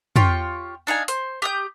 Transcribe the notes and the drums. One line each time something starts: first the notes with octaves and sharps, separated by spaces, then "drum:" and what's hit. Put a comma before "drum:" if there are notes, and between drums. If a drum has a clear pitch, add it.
F4 G4 C#5 G5, drum: tom
D4 D#4 F5 G#5
C5, drum: hi-hat
G4 D#6 G6